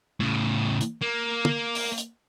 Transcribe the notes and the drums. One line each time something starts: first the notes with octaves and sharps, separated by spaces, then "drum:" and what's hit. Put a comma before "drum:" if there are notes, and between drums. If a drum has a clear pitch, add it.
A2 C#3
drum: hi-hat
A#3
drum: tom
drum: open hi-hat
drum: hi-hat